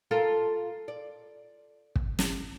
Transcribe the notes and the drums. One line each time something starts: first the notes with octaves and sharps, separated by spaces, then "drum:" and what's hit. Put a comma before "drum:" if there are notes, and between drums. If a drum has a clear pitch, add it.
F4 A4 A#4
D5
drum: kick
drum: snare